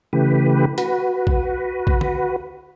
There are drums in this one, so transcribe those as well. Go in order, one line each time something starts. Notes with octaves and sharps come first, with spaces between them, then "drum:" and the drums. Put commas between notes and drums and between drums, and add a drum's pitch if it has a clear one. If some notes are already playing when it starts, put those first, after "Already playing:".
C#3 E3 A3 G4 B4
F#4 B4, drum: hi-hat
drum: kick A#1
drum: kick A#1
drum: tom D3